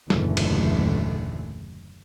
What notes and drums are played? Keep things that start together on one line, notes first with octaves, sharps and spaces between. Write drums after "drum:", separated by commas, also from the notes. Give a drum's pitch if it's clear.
F#1 D#2 A#2 D3 E3 A3, drum: snare
drum: cymbal